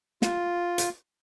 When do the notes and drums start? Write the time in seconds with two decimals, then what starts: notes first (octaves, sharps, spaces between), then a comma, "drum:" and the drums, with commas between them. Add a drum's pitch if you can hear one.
0.22 F4, drum: snare
0.78 drum: hi-hat